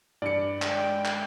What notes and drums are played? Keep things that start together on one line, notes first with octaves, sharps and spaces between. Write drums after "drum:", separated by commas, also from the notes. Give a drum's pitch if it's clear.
G2 D5 C#7
G#3 G5, drum: clap
drum: clap